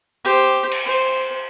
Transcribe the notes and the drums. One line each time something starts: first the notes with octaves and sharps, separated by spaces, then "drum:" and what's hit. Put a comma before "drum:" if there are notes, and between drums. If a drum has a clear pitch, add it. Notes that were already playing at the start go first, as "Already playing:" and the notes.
G4 C5
drum: cymbal
C5